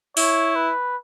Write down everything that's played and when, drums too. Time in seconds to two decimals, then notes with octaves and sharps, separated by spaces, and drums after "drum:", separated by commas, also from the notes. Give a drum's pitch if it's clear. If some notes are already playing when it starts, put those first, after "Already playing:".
0.17 E4 C#5, drum: open hi-hat
0.56 B4